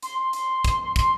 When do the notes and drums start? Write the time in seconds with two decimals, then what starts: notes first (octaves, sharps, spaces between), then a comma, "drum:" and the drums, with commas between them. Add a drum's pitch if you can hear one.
0.03 C6, drum: hi-hat
0.19 C6
0.33 C6, drum: hi-hat
0.65 drum: kick, hi-hat
0.96 C6, drum: kick, hi-hat